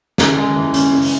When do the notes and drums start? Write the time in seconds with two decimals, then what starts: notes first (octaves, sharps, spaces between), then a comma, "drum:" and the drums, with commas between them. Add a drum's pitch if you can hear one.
0.18 C#3, drum: snare
0.37 G#3
0.55 E3
0.74 C#4, drum: hi-hat
0.93 C#3
1.02 drum: open hi-hat